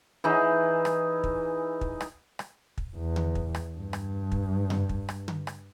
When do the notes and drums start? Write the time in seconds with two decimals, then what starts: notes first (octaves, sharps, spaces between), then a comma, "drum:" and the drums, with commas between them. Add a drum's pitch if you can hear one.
0.24 E3 D#4 G#4
0.85 drum: rim click
1.24 drum: kick
1.81 drum: kick
2.01 drum: rim click
2.39 drum: rim click
2.78 drum: kick
2.97 E2
3.16 drum: tom D3
3.35 drum: kick
3.55 drum: rim click
3.78 G2
3.93 drum: rim click
4.32 drum: kick
4.70 drum: tom F#2
4.89 drum: kick
5.09 drum: rim click
5.28 drum: tom D3
5.47 drum: rim click